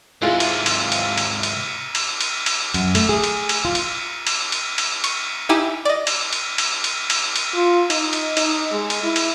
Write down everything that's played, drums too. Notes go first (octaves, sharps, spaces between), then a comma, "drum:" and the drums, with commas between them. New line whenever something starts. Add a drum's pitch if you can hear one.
G#2 C3 G#3 E4 F4
drum: cymbal
drum: cymbal
drum: cymbal
drum: cymbal
drum: cymbal
drum: cymbal
drum: cymbal
drum: cymbal
F#2, drum: cymbal
A3, drum: cymbal
G#4
drum: cymbal
drum: cymbal
F4
drum: cymbal
drum: cymbal
drum: cymbal
drum: cymbal
C#6, drum: cymbal
D#4 E4 G4 G#5
D5 D#5
drum: cymbal
drum: cymbal
drum: cymbal
drum: cymbal
drum: cymbal
drum: cymbal
F4
D#4, drum: cymbal
drum: cymbal
D#4, drum: cymbal
G#3
drum: cymbal
E4
drum: cymbal